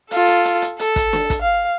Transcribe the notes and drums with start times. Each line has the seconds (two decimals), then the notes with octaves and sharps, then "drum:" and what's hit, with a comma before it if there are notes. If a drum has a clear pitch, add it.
0.11 F4 A4, drum: hi-hat
0.28 drum: hi-hat
0.45 drum: hi-hat
0.62 drum: hi-hat
0.79 A4, drum: hi-hat
0.96 drum: kick, hi-hat
1.13 drum: snare
1.30 drum: kick, hi-hat
1.42 F5